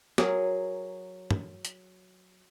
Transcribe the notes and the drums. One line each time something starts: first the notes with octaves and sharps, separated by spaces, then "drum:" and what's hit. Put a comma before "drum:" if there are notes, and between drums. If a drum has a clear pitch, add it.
F#3 G#4 A#4, drum: snare
drum: tom
drum: hi-hat